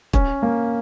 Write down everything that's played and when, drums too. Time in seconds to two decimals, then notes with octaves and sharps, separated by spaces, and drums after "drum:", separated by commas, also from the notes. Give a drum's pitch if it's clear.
0.13 C#4, drum: kick
0.42 A#3